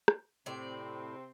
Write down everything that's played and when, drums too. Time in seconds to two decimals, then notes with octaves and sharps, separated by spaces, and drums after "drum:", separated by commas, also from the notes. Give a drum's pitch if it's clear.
0.08 drum: rim click
0.46 A2 C3 C4 D5